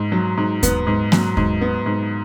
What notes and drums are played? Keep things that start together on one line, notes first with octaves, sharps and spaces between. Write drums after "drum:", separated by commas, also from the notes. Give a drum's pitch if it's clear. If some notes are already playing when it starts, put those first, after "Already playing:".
Already playing: G#2
F#3
G#2
B3, drum: kick D#2, hi-hat
G#2
F#3, drum: snare A#3
G#2, drum: kick D#2
B3
G#2